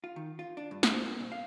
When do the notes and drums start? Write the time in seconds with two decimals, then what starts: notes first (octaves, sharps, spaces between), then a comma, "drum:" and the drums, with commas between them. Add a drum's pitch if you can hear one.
0.04 F4
0.16 D#3
0.39 F4
0.57 D4
0.71 G2
0.83 drum: snare
0.93 C5
1.07 A#3
1.20 A#2
1.32 F5